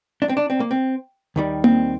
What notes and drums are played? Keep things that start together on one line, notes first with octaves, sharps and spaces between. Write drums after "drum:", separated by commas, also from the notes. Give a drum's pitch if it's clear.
D4
C4
D4
C4
A#3
C4
D#2 D#3 G3
C4, drum: tom A#3